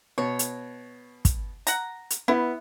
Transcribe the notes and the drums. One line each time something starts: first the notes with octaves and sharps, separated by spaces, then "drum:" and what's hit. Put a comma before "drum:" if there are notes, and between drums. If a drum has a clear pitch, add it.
B2 C#5
drum: hi-hat
drum: kick, hi-hat
F#5 A#5, drum: hi-hat
drum: hi-hat
B3 E4